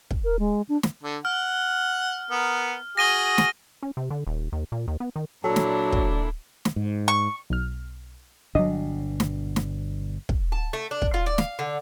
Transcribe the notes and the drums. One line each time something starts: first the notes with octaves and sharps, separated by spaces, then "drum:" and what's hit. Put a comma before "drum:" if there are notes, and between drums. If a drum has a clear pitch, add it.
drum: kick
A#4
G#3
D4
drum: snare
D3
F#5 F6
B3 A#4
F#4 G#4 A#6 D#7 G7
drum: snare
C#4
C3
D3
D#1
D#2
A#2
D#2
B3
D#3
A#2 F#3 D4 E4 A4
drum: snare
drum: kick
drum: snare
G#2
C#6
B1 F6
G1 B2 F#3 D4 D#5
drum: snare
drum: snare
drum: kick
A5
A3
D4
drum: kick
F4
D5
F5, drum: snare
D3